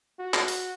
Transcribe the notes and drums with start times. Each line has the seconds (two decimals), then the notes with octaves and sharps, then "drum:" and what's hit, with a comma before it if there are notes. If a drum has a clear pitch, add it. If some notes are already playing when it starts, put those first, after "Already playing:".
0.19 F#4
0.34 drum: clap
0.48 drum: open hi-hat